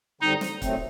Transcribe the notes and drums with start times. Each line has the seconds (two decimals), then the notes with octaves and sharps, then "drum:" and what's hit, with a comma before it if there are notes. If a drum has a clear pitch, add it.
0.21 F#2 D3 G3 C4 D#4
0.41 drum: snare
0.62 A#2 F#3 A3 C4, drum: kick, hi-hat